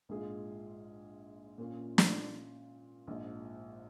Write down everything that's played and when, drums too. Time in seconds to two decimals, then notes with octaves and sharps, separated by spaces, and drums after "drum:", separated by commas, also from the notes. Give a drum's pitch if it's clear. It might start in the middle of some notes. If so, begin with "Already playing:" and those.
0.09 A#1 G#2 G#3 F4 G#4
1.58 A#2 A#3 C#4 F4
1.98 drum: snare
3.07 A#1 G#2 F3